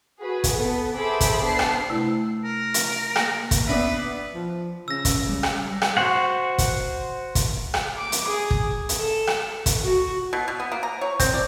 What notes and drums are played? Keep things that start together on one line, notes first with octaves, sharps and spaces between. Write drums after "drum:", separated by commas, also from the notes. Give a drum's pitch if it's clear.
F#4 G#4 B4
drum: kick, hi-hat
B3 A4
G#4 A4 C5 E5 B5 D6
drum: kick, hi-hat
B3 D4 C5 A5 C7
drum: rim click
C3 A3 E4
A#4
drum: hi-hat
A#3, drum: rim click
drum: kick, hi-hat
B3 D4 B4 E5
F3
C#3 E6 A#6
drum: kick, hi-hat
G3
drum: rim click
drum: rim click
F#4 C5 F#5
drum: kick, hi-hat
drum: kick, hi-hat
drum: rim click
D6
drum: hi-hat
G#4
drum: kick
drum: hi-hat
A4
drum: rim click
drum: kick, hi-hat
F#4
B2
B2
B3
A#3
A#5
C#5
C4, drum: kick, hi-hat
D5